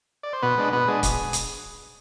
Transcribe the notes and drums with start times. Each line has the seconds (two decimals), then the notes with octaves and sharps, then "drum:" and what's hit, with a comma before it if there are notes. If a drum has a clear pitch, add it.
0.23 D5
0.33 C5
0.43 B2 B3 B4
0.57 G#3 D4
0.72 B2 B3 B4
0.88 G#3 D4 G#4
1.03 B2, drum: kick C#1, hi-hat
1.33 drum: hi-hat